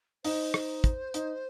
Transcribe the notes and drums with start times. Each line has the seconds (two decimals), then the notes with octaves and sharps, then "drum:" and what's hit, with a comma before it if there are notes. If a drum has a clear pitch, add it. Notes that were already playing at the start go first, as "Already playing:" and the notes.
0.24 D#4 C5, drum: open hi-hat
0.54 drum: rim click
0.84 drum: kick, hi-hat
1.14 D#4, drum: hi-hat